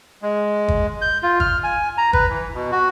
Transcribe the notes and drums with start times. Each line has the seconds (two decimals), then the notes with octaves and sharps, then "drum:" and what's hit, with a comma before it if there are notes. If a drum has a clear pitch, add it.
0.22 G#3
0.68 drum: kick
1.01 G6
1.23 F4
1.40 F6, drum: kick
1.64 G#5
1.98 A#5
2.13 B4, drum: kick
2.30 E3
2.54 B2
2.72 F#4